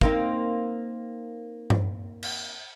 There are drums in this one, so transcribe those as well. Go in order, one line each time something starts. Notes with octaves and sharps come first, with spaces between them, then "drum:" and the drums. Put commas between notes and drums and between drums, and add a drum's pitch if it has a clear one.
A#3 C4 D#4, drum: kick
drum: tom G2
drum: cymbal